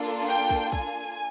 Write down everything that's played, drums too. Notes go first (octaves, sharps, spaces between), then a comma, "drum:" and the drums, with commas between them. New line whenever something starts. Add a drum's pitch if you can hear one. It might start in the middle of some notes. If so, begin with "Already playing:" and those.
Already playing: A#3 D4 F4 A4
G5
drum: kick
G#5, drum: kick